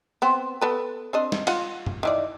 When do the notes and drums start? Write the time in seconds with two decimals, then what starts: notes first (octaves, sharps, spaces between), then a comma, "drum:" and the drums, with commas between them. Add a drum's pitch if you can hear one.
0.22 B3 C4
0.61 B3 A4 B4
1.13 C4 D4 D#5
1.32 drum: snare
1.47 F4 F#5, drum: cymbal
1.86 drum: tom F#2
2.03 D#3 E3 D5